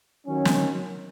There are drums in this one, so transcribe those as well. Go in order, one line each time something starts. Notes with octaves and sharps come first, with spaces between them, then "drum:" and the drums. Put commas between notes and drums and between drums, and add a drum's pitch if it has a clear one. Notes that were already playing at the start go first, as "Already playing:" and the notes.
D#3 F#3 C#4
drum: snare